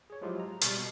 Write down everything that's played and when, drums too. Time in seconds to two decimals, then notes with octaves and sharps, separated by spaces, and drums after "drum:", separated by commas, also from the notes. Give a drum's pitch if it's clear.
0.10 G#4 C#5
0.22 F3 F#3 G#3 E4 F4 G4
0.40 A#5
0.61 B2 G3 C#6 F6 A6 C7, drum: hi-hat
0.77 B2